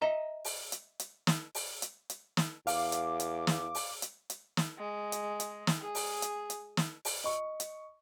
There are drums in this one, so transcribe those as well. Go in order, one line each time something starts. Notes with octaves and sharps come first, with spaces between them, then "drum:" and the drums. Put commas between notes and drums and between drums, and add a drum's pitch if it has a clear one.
D#5 E5 A#5
drum: open hi-hat
drum: hi-hat
drum: hi-hat
drum: snare
drum: open hi-hat
drum: hi-hat
drum: hi-hat
drum: snare
E2 F5 D6, drum: open hi-hat
drum: hi-hat
drum: hi-hat
drum: snare
drum: open hi-hat
drum: hi-hat
drum: hi-hat
drum: snare
G#3
drum: hi-hat
drum: hi-hat
drum: snare
G#4
drum: open hi-hat
drum: hi-hat
drum: hi-hat
drum: snare
drum: open hi-hat
D#5 C#6
drum: hi-hat